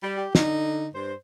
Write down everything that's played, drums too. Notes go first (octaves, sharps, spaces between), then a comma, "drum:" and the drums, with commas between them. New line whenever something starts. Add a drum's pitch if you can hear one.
G3
G4
D3 D#4, drum: snare
G2 C5